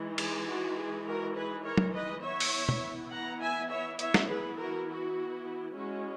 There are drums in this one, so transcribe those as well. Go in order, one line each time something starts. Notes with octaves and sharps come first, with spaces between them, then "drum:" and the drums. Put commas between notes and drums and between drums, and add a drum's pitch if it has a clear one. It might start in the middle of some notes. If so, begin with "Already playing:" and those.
Already playing: E3 G#3 D#4
G#4, drum: cymbal
F#4
G#4
F#4 A#4
G#4 B4
A#4 C#5
drum: tom
B4 D#5
E3 B3 E4 C#5 E5
drum: open hi-hat
drum: tom
F#5 A#5
E5 G#5
C#5 E5
C#5 E5, drum: hi-hat
drum: snare
G#4 B4
F#4 A#4
F#4
G#3 C#4 E4 F#4